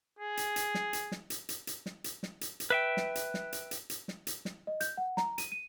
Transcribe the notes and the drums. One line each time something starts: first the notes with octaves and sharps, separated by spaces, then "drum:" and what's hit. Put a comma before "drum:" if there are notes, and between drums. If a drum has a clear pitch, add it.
G#4
drum: hi-hat
drum: hi-hat
drum: snare
drum: hi-hat
drum: snare
drum: hi-hat
drum: hi-hat
drum: hi-hat
drum: snare
drum: hi-hat
drum: snare
drum: hi-hat
drum: hi-hat
B4 E5 G5
drum: snare
drum: hi-hat
drum: snare
drum: hi-hat
drum: hi-hat
drum: hi-hat
drum: snare
drum: hi-hat
drum: snare
D#5
G6, drum: hi-hat
F#5
A#5, drum: snare
D#7, drum: hi-hat
D#7